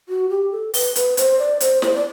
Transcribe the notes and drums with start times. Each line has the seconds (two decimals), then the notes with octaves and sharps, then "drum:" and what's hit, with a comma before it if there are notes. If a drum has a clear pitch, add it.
0.09 F#4
0.29 G4
0.51 A4
0.74 B4, drum: open hi-hat
0.95 B4, drum: hi-hat
1.17 C5, drum: hi-hat
1.39 D5
1.60 C5, drum: hi-hat
1.82 C5, drum: snare
1.94 D5